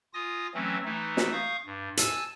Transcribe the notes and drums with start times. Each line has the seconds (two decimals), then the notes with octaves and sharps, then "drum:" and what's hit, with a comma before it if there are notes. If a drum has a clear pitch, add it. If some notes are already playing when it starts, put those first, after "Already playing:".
0.14 F4 G#5 D#6 A#6
0.54 E3 F#3 A3 C4 C#4
0.85 E3 A3 D#4
1.17 drum: snare
1.33 F5 C#6 D#6 G6
1.65 G2
1.97 G#5 A5 E6, drum: hi-hat